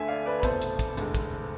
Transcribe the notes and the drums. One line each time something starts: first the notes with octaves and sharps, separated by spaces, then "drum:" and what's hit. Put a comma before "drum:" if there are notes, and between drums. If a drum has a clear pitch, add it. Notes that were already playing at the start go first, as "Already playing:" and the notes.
Already playing: D2 D3 A3 E5 G#5
D5 F5
B4 D5
B4
F1 E2 B2 A3 A4 C5, drum: kick, hi-hat
drum: hi-hat
drum: kick, hi-hat
F1 E2 D3 G#3, drum: hi-hat
drum: kick, hi-hat